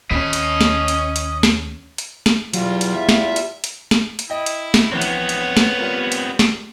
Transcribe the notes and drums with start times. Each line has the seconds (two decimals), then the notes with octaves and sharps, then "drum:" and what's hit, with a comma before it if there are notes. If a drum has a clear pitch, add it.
0.11 D#2 C#4 D#5 B5
0.33 drum: hi-hat
0.61 drum: snare
0.88 drum: hi-hat
1.16 drum: hi-hat
1.43 drum: snare
1.98 drum: hi-hat
2.26 drum: snare
2.53 E2 F#3 G3 B3 F4, drum: hi-hat
2.81 drum: hi-hat
2.95 E5
3.09 drum: snare
3.36 drum: hi-hat
3.64 drum: hi-hat
3.91 drum: snare
4.19 drum: hi-hat
4.30 E4 D#5 G5
4.46 drum: hi-hat
4.74 drum: snare
4.92 A#1 E3 B3 C4 C#5 F#6
5.02 drum: hi-hat
5.29 drum: hi-hat
5.57 drum: snare
5.79 G3 F4 A#4
6.12 drum: hi-hat
6.39 drum: snare